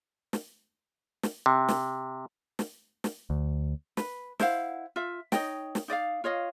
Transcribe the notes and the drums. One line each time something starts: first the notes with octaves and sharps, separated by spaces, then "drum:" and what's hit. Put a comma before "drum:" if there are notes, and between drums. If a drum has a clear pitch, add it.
drum: snare
drum: snare
C3
drum: snare
drum: snare
drum: snare
D2
B4, drum: snare
E4 C5 F5 F#5, drum: snare
F4 E5
D#4 C#5 D#5 G5, drum: snare
drum: snare
D#4 D5 D#5 F5
F4 C#5 D#5 F5